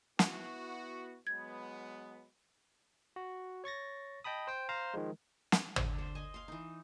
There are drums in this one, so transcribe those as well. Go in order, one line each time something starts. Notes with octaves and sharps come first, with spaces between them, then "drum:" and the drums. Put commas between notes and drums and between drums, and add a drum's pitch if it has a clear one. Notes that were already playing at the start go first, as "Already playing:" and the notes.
B3 E4 F#4, drum: snare
F#3 G#3 B3 G#6
F#4
C#5 C#6 A6 A#6
D#5 G5 A5 B5 D#6
C5 G5
C5 F5 A#5
D#3 F3 G#3
drum: snare
D3, drum: tom G#1
C5
D#5 G#5
F5 C6
E3 D#4